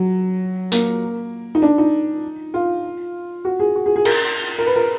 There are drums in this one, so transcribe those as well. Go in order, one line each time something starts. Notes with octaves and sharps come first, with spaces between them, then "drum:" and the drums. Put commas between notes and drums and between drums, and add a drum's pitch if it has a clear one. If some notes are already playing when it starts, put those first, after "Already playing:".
Already playing: F#3
A#3, drum: hi-hat
D#4
D4
D#4
F4
F#4
G#4
F#4
G#4
G#4
A#4, drum: cymbal
A#4
B4
A#4